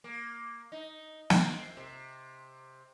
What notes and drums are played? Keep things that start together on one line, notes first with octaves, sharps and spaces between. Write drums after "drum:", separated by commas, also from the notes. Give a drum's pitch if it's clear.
A#3
D#4
C4, drum: snare
C3